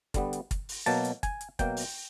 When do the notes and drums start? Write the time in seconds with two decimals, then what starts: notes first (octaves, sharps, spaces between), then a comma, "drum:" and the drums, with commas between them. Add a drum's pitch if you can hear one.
0.14 D3 G3 B3, drum: kick, hi-hat
0.33 drum: hi-hat
0.51 drum: kick, hi-hat
0.69 drum: open hi-hat
0.86 B2 F#3 A#3 A5, drum: hi-hat
1.05 drum: hi-hat
1.23 G#5, drum: kick, hi-hat
1.41 drum: hi-hat
1.59 B2 F#3 A#3 G5, drum: kick, hi-hat
1.77 drum: open hi-hat